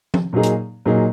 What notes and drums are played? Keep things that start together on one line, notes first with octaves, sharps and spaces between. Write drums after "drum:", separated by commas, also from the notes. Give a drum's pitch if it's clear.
drum: tom F3
A#2 F#3 A#3 D#4 G#4
drum: hi-hat
A#2 F#3 A#3 D#4 G#4